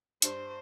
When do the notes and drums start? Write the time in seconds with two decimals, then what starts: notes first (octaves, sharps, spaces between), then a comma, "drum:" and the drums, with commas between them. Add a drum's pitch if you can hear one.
0.22 G2 C5, drum: hi-hat